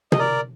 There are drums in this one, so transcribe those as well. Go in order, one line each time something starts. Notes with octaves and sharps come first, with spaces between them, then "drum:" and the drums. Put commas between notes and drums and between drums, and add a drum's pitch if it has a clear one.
D#5, drum: tom
A#4 D5